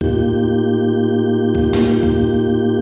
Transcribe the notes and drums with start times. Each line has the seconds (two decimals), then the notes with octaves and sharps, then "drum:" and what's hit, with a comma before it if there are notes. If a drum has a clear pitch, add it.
0.01 A2 A#3 D#4 F4 G4 G6, drum: kick
1.55 drum: kick
1.73 drum: snare
2.03 drum: kick